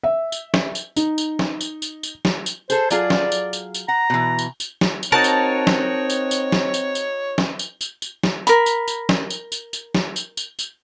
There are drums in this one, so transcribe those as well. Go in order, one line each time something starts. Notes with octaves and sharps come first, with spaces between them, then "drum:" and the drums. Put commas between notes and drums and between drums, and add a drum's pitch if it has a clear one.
E5
drum: tambourine
drum: snare
drum: tambourine
D#4, drum: tambourine
drum: tambourine
drum: snare
drum: tambourine
drum: tambourine
drum: tambourine
drum: snare
drum: tambourine
G#4 A4 C5, drum: tambourine
F#3 F4 G#4 D5, drum: tambourine
drum: snare
drum: tambourine
drum: tambourine
drum: tambourine
F#5 A#5
B2 E3
drum: tambourine
drum: tambourine
drum: snare
drum: tambourine
C4 D#4 F#4 A#4 C#5 A5
drum: tambourine
drum: snare
drum: tambourine
drum: tambourine
drum: snare
drum: tambourine
drum: tambourine
drum: snare
drum: tambourine
drum: tambourine
drum: tambourine
drum: snare
A#4 B5, drum: tambourine
drum: tambourine
drum: tambourine
drum: snare
drum: tambourine
drum: tambourine
drum: tambourine
drum: snare
drum: tambourine
drum: tambourine
drum: tambourine